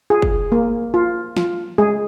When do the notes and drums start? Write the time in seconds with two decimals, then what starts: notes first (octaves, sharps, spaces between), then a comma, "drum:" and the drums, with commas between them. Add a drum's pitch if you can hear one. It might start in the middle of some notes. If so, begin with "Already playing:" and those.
0.10 F4 G#4
0.22 drum: kick
0.52 A#3
0.94 F4
1.37 F4, drum: snare
1.78 G#3 G#4